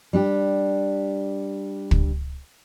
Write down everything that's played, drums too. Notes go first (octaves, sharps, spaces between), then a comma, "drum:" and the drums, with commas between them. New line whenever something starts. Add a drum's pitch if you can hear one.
G3 D4 G4
drum: kick